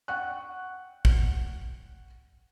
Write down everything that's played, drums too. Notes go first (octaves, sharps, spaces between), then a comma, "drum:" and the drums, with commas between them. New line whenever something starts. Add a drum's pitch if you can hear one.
F#5 G5 C#6 F#6
drum: kick